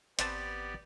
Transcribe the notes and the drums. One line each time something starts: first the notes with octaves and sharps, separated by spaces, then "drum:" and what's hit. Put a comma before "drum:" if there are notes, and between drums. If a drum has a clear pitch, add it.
G#1 B3 C4 G4 B4 D5 A5, drum: hi-hat